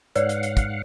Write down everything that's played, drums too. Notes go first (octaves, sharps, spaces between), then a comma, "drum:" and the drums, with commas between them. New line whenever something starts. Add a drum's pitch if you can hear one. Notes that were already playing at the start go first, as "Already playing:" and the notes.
G#2 B4 C#5 D5 F5 F#5, drum: hi-hat
drum: hi-hat
drum: hi-hat
drum: kick, hi-hat